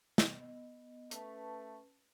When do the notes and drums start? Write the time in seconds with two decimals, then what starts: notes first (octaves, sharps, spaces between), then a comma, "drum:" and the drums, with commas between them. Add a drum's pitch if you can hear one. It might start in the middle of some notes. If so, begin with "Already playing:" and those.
0.18 B3 D#5, drum: snare
1.11 A3 C#4 B4 A5, drum: hi-hat